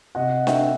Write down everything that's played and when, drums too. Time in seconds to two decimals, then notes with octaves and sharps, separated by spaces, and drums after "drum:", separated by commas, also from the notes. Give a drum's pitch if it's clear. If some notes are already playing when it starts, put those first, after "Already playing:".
0.15 C3 D#5 F#5
0.47 E5 G5, drum: snare D4